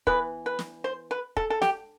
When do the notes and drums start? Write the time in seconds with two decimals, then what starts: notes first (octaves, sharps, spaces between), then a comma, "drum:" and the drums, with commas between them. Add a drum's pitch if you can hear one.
0.07 E3 B3 B4, drum: kick
0.46 B4
0.59 drum: snare
0.84 C5
1.11 B4
1.37 A4, drum: kick
1.50 A4
1.62 G4, drum: snare